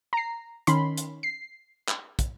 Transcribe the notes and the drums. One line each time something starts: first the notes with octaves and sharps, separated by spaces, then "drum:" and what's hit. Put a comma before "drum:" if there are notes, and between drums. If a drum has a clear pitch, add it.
A#5 C7
D#3 C#4 B5 C6, drum: hi-hat
drum: hi-hat
C7
drum: clap
drum: kick, hi-hat